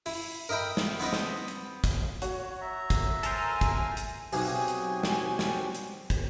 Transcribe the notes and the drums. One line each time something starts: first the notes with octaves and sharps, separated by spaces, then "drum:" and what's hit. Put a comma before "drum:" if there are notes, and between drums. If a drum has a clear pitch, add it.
E4, drum: open hi-hat
A#4 D#5 E5 G5 B5
drum: snare
B3 C4 B4 D#5
drum: snare
drum: hi-hat
drum: kick, hi-hat
F#4 C#5, drum: hi-hat
E5 A#5
drum: kick, hi-hat
A4 A#4 C5 G#5, drum: hi-hat
drum: kick, hi-hat
drum: hi-hat
B1 F#3 C4 G4 G#4 G#5, drum: open hi-hat
drum: hi-hat
drum: snare
drum: snare
drum: hi-hat
drum: kick, hi-hat